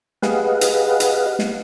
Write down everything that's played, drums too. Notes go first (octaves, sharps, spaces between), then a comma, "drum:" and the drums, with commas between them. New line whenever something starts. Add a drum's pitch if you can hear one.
G4 G#4 B4 D#5 F5 F#5, drum: snare
drum: hi-hat
drum: hi-hat
drum: snare